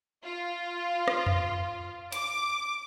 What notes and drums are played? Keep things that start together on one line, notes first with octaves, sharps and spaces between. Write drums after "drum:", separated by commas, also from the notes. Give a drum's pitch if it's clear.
F4
drum: rim click
drum: tom F2
D6, drum: hi-hat